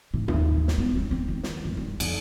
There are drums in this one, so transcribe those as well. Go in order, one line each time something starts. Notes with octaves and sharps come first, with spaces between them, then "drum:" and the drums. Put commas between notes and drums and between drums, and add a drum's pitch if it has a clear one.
A2
D#2, drum: tom G2
E3
drum: snare
B3
C4
C4
D#3
drum: snare
F#2
G2
F2, drum: cymbal